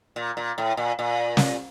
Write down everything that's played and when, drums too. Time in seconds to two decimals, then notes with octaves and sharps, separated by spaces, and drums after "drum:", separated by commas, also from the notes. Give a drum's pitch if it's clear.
0.16 A#2
0.37 A#2
0.58 A2
0.77 A#2
0.99 A#2
1.37 drum: snare